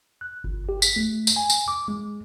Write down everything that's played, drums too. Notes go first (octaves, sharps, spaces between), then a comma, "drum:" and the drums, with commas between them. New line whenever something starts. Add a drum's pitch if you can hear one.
F#6
G1
G4
B6, drum: tambourine
A3
drum: tambourine
G#5
drum: tambourine
D6
G#3